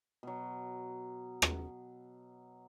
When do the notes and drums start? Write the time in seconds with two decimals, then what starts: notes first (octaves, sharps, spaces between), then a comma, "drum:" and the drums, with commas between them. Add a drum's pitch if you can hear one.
0.23 B2 F#3
1.42 drum: rim click